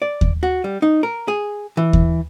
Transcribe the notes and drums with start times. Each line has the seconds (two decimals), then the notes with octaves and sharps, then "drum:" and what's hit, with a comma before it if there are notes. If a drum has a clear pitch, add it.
0.02 D5
0.21 drum: kick D#2
0.43 F#4
0.64 G3
0.82 D#4
1.03 A#4
1.28 G#4
1.77 E3
1.93 drum: kick D#2